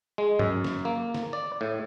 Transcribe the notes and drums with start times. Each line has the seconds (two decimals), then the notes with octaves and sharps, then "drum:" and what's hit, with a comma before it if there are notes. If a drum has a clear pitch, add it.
0.18 G#3
0.39 F#2, drum: tom G2
0.64 drum: snare
0.85 A#3
1.15 drum: snare
1.33 D5
1.61 A2